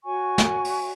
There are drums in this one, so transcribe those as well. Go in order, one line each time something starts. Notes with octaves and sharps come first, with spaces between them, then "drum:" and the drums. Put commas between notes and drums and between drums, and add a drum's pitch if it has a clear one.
F#4 C#5 G#5 C#6
drum: snare
drum: open hi-hat